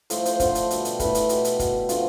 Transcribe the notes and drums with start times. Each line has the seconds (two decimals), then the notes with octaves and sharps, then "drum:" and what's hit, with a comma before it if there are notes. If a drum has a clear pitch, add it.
0.10 A2 F3 A3 C5, drum: hi-hat
0.25 C5, drum: hi-hat
0.40 D3 F3 A3 C5, drum: kick, hi-hat
0.55 drum: hi-hat
0.71 B2 G3, drum: hi-hat
0.85 drum: hi-hat
1.00 A2 E3 A3 B4, drum: kick, hi-hat
1.15 drum: hi-hat
1.29 B2 A3 G4, drum: hi-hat
1.44 drum: hi-hat
1.60 B2 G3, drum: kick, hi-hat
1.89 D3 F3 A3 F4, drum: hi-hat